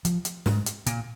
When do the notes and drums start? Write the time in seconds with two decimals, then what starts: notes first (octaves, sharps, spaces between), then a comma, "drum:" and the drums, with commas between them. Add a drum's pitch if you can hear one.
0.05 F3, drum: hi-hat
0.25 drum: hi-hat
0.46 G#2, drum: snare
0.66 drum: hi-hat
0.86 A#2, drum: hi-hat